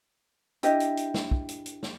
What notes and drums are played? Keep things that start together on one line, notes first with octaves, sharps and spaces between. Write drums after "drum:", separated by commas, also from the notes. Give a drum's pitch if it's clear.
D4 E4 G4 D#5, drum: hi-hat
drum: hi-hat
drum: hi-hat
drum: snare
drum: kick
drum: hi-hat
drum: hi-hat
drum: snare